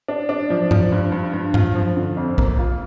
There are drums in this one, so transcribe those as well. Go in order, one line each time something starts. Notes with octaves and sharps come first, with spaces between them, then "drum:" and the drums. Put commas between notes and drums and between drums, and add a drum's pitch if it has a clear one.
D4
D4
F3
F3, drum: tom G2
G2
G2
G2
F4, drum: tom G2
F3
D3
F2
A#3, drum: kick A#1
F4